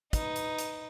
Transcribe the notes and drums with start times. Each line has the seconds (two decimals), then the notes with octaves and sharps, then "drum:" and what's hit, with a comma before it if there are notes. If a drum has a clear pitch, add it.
0.13 D#4 B4, drum: kick, hi-hat
0.36 drum: hi-hat
0.58 drum: hi-hat